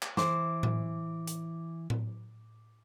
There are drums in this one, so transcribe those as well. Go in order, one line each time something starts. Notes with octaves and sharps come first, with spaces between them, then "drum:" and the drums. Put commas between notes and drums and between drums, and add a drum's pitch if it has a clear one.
drum: clap
E3 C5 D6, drum: snare
drum: tom A2
drum: hi-hat
drum: tom A2